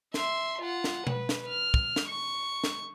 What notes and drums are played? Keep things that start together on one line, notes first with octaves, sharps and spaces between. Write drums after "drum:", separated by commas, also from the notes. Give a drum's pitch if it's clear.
E5 C6, drum: snare
F4 F#5
drum: snare
B4, drum: tom B2
drum: snare
F6
drum: kick
drum: snare
C#6
drum: snare